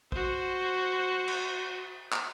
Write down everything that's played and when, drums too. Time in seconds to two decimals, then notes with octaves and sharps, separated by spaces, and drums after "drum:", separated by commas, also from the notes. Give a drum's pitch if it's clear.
0.12 F#4 C5, drum: kick A#1
1.28 drum: cymbal
2.12 drum: clap